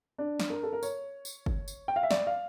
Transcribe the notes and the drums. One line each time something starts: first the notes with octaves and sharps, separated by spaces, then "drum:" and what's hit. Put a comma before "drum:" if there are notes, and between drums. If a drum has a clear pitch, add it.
D4
drum: snare
A#4
A4
A#4
C#5, drum: tambourine
drum: tambourine
drum: kick G1
drum: tambourine
G5
F5
E5
D5, drum: snare
F5